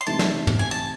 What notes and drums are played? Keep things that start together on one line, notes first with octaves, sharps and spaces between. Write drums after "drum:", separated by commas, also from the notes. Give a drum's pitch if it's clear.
C6
C3 E3 A3 D#4 A5
drum: snare
drum: tom
G#5
A5